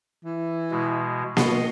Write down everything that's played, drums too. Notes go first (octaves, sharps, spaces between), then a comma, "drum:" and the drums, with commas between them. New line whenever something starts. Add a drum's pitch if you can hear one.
E3
B2 G#3
B2 D#5 C6, drum: snare A#3